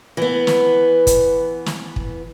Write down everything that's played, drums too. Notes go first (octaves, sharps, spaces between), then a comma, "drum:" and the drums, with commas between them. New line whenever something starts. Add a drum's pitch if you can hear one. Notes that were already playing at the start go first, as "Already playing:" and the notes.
E3 B3
drum: snare
drum: kick, hi-hat
drum: snare
drum: kick